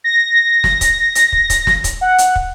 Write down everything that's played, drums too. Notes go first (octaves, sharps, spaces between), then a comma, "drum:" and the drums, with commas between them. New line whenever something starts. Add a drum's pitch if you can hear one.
A#6
drum: snare
drum: kick, hi-hat
drum: hi-hat
drum: kick
drum: kick, hi-hat
drum: snare
drum: kick, hi-hat
F#5
drum: hi-hat
drum: kick